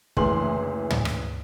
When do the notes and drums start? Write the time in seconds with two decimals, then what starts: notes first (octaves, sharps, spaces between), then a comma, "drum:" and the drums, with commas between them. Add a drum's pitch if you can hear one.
0.17 F#1 D2 E3 G#4 C6 F#7, drum: kick
0.90 drum: tom
1.05 drum: rim click